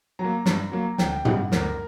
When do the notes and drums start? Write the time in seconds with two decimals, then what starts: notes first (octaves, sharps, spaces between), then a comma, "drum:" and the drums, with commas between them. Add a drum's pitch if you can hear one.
0.19 F#3 A#5
0.24 A#3
0.46 G2, drum: snare
0.72 F#3 A#3
0.98 D2 G5, drum: snare
1.25 C#3 G3 F#5, drum: tom
1.52 D2 A#4, drum: snare